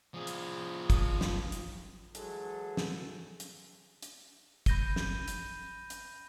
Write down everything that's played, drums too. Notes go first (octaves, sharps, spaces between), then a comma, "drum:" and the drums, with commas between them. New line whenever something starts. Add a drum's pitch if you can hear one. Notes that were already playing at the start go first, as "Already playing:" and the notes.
F3 G#4
drum: hi-hat
drum: kick, hi-hat
drum: snare
drum: hi-hat
E3 F#3 G#3 G#4 A4, drum: hi-hat
drum: snare
drum: hi-hat
drum: hi-hat
B5 G6 A#6 D#7 G7, drum: kick, hi-hat
drum: snare
drum: hi-hat
drum: hi-hat